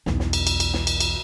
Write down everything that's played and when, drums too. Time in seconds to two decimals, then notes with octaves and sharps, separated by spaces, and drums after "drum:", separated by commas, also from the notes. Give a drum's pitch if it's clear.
0.06 B1 E2, drum: snare
0.20 drum: snare
0.33 drum: cymbal
0.47 drum: cymbal
0.60 drum: cymbal
0.74 drum: snare
0.87 drum: cymbal
1.00 drum: cymbal